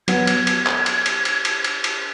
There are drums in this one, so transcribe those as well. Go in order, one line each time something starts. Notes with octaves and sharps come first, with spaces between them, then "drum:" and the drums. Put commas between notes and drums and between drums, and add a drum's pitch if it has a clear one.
F#3 B3 G#6, drum: cymbal
drum: cymbal
drum: cymbal
drum: clap
drum: cymbal
drum: cymbal
drum: cymbal
drum: cymbal
drum: cymbal
drum: cymbal